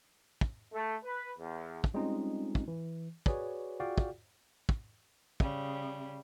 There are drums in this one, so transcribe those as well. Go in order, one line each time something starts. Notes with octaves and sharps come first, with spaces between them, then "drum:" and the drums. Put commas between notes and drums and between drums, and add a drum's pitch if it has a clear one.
drum: kick
A3
B4
E2
drum: kick
G3 G#3 C4 C#4 D#4 F4
drum: kick
E3
F#4 G#4 B4 C#5 D5, drum: kick
F4 F#4 G#4 D5 F5 G5
drum: kick
drum: kick
C#3 G3, drum: kick